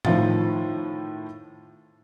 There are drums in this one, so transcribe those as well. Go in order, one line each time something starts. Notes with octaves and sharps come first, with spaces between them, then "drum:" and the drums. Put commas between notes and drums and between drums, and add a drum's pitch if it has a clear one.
A2 D#3 F3 F4 A6, drum: tom A2